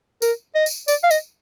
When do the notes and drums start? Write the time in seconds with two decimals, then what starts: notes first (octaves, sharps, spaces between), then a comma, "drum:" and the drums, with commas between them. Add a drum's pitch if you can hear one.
0.22 A#4, drum: tambourine
0.55 D#5
0.66 drum: tambourine
0.88 D5, drum: tambourine
1.03 F5
1.11 D#5, drum: tambourine